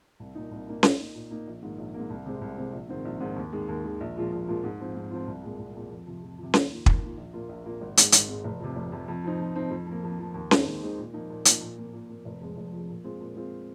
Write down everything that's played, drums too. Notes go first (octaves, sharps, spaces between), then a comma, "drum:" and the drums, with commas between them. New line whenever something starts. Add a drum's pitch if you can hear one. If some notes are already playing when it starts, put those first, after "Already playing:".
C2
A#2 A#3 D#4
C2
A#2 A#3 D#4
A#2, drum: snare C#4
A#3 D#4
A#2
A#3 D#4
A#1
G#2 D#3 A#3
A#1
G#2 D#3 A#3
C2
C3 G#3 C4
C2
C3 G#3 C4
A#1
G#2 D#3 C4
A#1
G#2 D#3 C4
D#2
D#3 G#3
D#2
D#3 G#3
A#1
A#2 F3 G#3 F4
A#1
A#2 F3 G#3 F4
G#2
F3 C4 F4
G#2
F3 C4 F4
C2
A#2 G#3
C2
A#2 G#3
F2
C3 F3
F2
C3 F3
D#2, drum: snare C#4
D#3 A#3 F4
D#2, drum: kick
D#3 A#3 F4
A#1
A#2 A#3 F4
A#1
A#2 A#3 F4
G#1
G#2 G#3, drum: hi-hat
G#1, drum: hi-hat
G#2 G#3
F1
F2 C3
F1
F2 C3
F2
F3 C4 D#4
F2
F3 C4 D#4
F2
F3 A#3
F2
F3 A#3
D#2
D#3 G#3 C4 D#4, drum: snare C#4
D#2
D#3 G#3 C4 D#4
A#2
F3 A#3 D#4
A#2
F3 A#3 D#4, drum: hi-hat
A#2
F3 A#3
A#2
F3 A#3
F1
F2 F3 G#3
F1
F2 F3 G#3
A#2
G#3 C4 F4
A#2
G#3 C4 F4